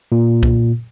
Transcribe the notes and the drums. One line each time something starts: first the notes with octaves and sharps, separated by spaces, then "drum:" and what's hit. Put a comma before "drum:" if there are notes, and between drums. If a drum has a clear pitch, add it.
A#2
drum: kick B1